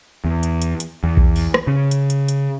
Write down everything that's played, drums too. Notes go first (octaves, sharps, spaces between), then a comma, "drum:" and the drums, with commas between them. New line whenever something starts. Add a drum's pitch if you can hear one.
E2
drum: hi-hat
drum: hi-hat
drum: hi-hat
E2
drum: kick B1
drum: open hi-hat
drum: rim click
C#3
drum: hi-hat
drum: hi-hat
drum: hi-hat